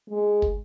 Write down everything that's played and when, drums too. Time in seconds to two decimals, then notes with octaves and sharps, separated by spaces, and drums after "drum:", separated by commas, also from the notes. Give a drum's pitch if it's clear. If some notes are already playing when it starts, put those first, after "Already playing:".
0.10 G#3
0.42 drum: kick